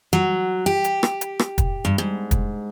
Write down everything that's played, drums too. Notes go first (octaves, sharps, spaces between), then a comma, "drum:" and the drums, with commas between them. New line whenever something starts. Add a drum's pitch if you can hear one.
F#3
G4
drum: hi-hat
drum: rim click
drum: hi-hat
drum: rim click
drum: kick, hi-hat
G2
G#2
drum: kick, hi-hat